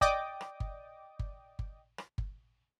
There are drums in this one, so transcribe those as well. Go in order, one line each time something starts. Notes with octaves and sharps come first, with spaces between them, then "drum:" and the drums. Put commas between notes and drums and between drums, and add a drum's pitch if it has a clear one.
D5 D#5 G5 D6 D#6, drum: kick G1
drum: rim click
drum: kick G1
drum: kick G1
drum: kick G1
drum: rim click
drum: kick G1